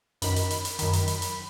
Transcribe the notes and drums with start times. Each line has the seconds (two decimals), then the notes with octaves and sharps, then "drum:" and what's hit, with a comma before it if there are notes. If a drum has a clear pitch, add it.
0.22 F#2 D#3 B5, drum: hi-hat
0.36 drum: hi-hat
0.50 drum: hi-hat
0.65 drum: hi-hat
0.79 F#2 D#3, drum: hi-hat
0.93 drum: hi-hat
1.08 drum: hi-hat
1.22 drum: hi-hat